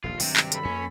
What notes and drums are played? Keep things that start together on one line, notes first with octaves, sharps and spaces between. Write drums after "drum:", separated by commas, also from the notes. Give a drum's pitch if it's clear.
D#1 A#1 D#2 F4
G2 C3 D#3 F#3 C4, drum: open hi-hat
drum: clap
C#2 A4 B5, drum: hi-hat
F2 A#3 C#4